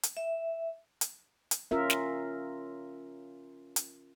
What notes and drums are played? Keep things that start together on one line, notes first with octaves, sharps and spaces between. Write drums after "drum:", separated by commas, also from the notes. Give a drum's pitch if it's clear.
drum: hi-hat
E5
drum: hi-hat
drum: hi-hat
C#4 F4 A#4 E5
drum: snare
drum: hi-hat